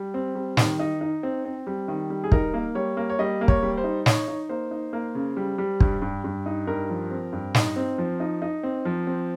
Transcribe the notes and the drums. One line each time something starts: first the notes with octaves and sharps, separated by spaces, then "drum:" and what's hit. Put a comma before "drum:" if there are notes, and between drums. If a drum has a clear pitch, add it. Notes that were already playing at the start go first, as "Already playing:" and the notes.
Already playing: G3
C4
G3
D#3, drum: snare
D#4
D#4
C4
C4
G3
D#3
G3
G#4
D#4 A#4, drum: kick
A#3
G3 C#5
A#3
C#5
G3 D#5
A#3
C#5, drum: kick
G3
C5
D#4
D#4 C#5, drum: snare
D#4
A#3 C5
D#4
A#3
C#3
G3
G3
G2, drum: kick
G2
G2
D#4
G2 A#4
F3
C4
G2
D#4, drum: snare
C4
F3
D#4
D#4
C4
F3
C4